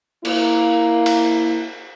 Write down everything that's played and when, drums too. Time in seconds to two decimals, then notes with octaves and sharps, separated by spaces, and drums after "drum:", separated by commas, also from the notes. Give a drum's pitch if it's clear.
0.25 A#3 E4, drum: cymbal
1.06 drum: cymbal